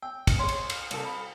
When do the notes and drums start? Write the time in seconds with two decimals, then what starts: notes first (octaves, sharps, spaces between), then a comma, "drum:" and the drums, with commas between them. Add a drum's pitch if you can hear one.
0.02 G5 E6
0.27 drum: kick, cymbal
0.39 G#4 C#5 C6
0.49 drum: cymbal
0.70 drum: cymbal
0.91 C2 A4, drum: cymbal
1.04 B5